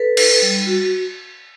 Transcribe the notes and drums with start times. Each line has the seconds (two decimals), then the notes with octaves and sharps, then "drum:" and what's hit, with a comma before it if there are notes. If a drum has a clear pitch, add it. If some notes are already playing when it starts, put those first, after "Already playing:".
Already playing: A4 B4
0.17 D#4, drum: cymbal
0.42 G3
0.66 F#4